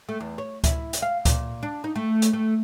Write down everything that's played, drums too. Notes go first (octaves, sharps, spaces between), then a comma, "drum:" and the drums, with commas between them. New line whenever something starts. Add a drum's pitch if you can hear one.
A3
E2
C#5
E4, drum: kick C#2, hi-hat
drum: hi-hat
F5
A#2, drum: kick C#2, hi-hat
D4
D#4
A3
drum: hi-hat
A3